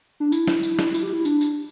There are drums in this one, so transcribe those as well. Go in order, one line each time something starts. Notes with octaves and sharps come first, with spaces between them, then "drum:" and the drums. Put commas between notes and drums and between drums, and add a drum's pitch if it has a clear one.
D4
E4, drum: tambourine
drum: snare
drum: tambourine
drum: snare
E4, drum: tambourine
G4
E4
D4, drum: tambourine
drum: tambourine